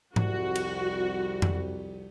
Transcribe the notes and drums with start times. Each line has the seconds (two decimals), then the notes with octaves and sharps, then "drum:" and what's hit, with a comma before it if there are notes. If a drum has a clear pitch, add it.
0.16 C2 F2 G3 F#4, drum: tom G#2
0.55 drum: cymbal
1.42 drum: tom F2